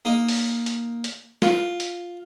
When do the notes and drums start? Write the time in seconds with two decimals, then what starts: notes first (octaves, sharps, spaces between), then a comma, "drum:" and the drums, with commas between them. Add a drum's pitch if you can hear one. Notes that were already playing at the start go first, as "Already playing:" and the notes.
0.05 A#3 D#4
0.28 drum: open hi-hat
0.66 drum: hi-hat
1.04 drum: hi-hat
1.42 F4, drum: snare
1.80 drum: hi-hat